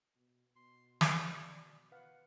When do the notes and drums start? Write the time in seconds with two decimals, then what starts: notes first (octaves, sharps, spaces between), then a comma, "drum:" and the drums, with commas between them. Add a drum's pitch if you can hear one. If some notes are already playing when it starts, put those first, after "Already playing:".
0.16 B2
0.56 B2 C6
1.01 D5, drum: snare
1.92 B4 F5 F#5